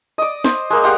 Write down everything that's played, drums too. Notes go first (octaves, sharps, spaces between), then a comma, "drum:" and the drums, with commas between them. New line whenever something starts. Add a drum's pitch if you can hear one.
D5 D#5
C5, drum: snare
G#3 A#3 F5
G4 F5 F#5 C6